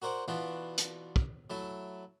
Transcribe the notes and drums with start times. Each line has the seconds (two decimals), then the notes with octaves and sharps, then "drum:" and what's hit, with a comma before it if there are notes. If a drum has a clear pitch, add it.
0.02 F#4 A#4 C5 D5 F#5
0.28 B2 E3 D4 F4 F#4
0.78 drum: hi-hat
1.16 drum: kick
1.50 F#3 A3 E4